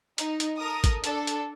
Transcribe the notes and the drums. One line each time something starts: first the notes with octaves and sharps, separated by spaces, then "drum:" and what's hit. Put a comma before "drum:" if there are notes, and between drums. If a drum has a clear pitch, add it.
D#4, drum: hi-hat
drum: hi-hat
A4 A#4 D#6 A#6
drum: kick, hi-hat
D4 A4, drum: hi-hat
drum: hi-hat